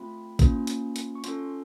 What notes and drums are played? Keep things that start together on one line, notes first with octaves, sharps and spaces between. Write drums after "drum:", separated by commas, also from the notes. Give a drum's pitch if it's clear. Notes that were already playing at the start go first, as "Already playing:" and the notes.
Already playing: A3 C4 F4 B5
A#3 C#4 F4, drum: kick, hi-hat
drum: hi-hat
drum: hi-hat
C#6
C#4 F4 A4 C6, drum: hi-hat